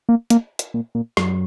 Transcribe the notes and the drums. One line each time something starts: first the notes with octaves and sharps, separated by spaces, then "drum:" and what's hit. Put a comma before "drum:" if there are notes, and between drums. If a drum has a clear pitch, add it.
A#3
A#3, drum: hi-hat
drum: hi-hat
A#2
A#2
F#2, drum: rim click